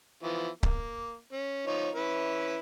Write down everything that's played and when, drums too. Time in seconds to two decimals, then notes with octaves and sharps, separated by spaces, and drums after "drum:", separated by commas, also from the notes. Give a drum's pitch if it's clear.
0.23 E3 F3 B3
0.63 A#3, drum: kick C#1
1.32 C#4
1.67 F3 D#4 C#5
1.95 C#4 E4 B4